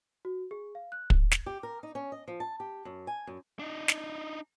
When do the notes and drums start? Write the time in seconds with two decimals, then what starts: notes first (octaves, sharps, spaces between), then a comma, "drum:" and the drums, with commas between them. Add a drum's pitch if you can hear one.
0.25 F#4
0.51 G#4
0.75 F5
0.92 F#6
1.10 drum: kick
1.31 drum: snare
1.46 G4
1.63 A#4
1.83 D#4
1.95 C#4
2.12 D#5
2.28 F3
2.40 A5
2.60 G4
2.85 F#2
3.07 G#5
3.27 F#2
3.59 D4 D#4
3.88 drum: snare